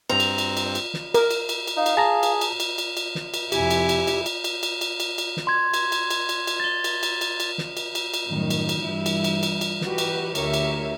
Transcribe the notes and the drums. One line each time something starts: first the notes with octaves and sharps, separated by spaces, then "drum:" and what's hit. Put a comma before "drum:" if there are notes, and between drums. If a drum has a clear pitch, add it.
G2 C4 A#5
drum: cymbal
drum: cymbal
drum: cymbal
drum: cymbal
drum: snare
A#4, drum: cymbal
drum: cymbal
drum: cymbal
drum: cymbal
D#4 F5
drum: cymbal
G#4 A5 A#5
drum: cymbal
drum: cymbal
drum: cymbal
drum: cymbal
drum: cymbal
drum: snare
drum: cymbal
F2 C3 E4 G4 G#5, drum: cymbal
drum: cymbal
drum: cymbal
drum: cymbal
drum: cymbal
drum: cymbal
drum: cymbal
drum: cymbal
drum: cymbal
drum: cymbal
drum: snare
C6 G#6
drum: cymbal
drum: cymbal
drum: cymbal
drum: cymbal
drum: cymbal
A6 G7
drum: cymbal
drum: cymbal
drum: cymbal
drum: cymbal
drum: snare
drum: cymbal
drum: cymbal
drum: cymbal
F#2 A2 D#3 G3
drum: cymbal
drum: cymbal
G2 E3 G3 E4
drum: cymbal
drum: cymbal
drum: cymbal
drum: cymbal
E3 F#4 G4 B4, drum: snare
drum: cymbal
D2 D3 G4 A#4 C#5 E5, drum: cymbal
drum: cymbal